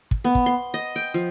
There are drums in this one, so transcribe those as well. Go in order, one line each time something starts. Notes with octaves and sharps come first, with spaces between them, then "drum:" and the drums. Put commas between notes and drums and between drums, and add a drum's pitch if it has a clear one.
drum: kick
B3
drum: kick
C6
D#5
G5
F3